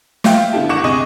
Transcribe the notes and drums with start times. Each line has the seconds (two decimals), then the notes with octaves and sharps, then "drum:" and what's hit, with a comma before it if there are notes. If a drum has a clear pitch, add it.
0.24 F4 E5 F5 G5, drum: snare
0.53 D3 B3 E4 G4 A5
0.69 G#1 F#5 C#6 D6 A#6 E7
0.84 D2 C3 G#4 D#5 C#6 D6